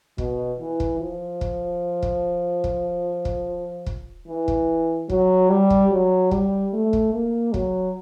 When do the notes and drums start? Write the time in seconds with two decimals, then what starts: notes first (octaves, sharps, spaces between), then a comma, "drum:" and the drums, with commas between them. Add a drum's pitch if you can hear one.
0.18 B2, drum: kick
0.60 E3
0.80 drum: kick
1.00 F3
1.41 drum: kick
2.03 drum: kick
2.64 drum: kick
3.25 drum: kick
3.86 drum: kick
4.27 E3
4.48 drum: kick
5.10 F#3, drum: kick
5.49 G3
5.70 drum: kick
5.91 F#3
6.31 G3, drum: kick
6.73 A3
6.93 drum: kick
7.14 A#3
7.54 F#3, drum: kick